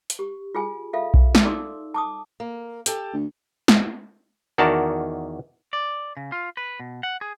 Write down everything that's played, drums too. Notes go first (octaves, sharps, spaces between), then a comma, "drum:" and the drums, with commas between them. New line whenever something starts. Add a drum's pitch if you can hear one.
drum: hi-hat
G4
F4 G#4 G#5
F4 A4 E5 F5
drum: kick B1
drum: snare
D#4 A4 D5 C6 D6 E6
A5 D6 D#6
A#3
G4 A4 A5, drum: hi-hat
D2
drum: snare
E2 D#3 F#4 A#4 D5 A5
D5
C#3
F4
B4
B2
F#5
G#4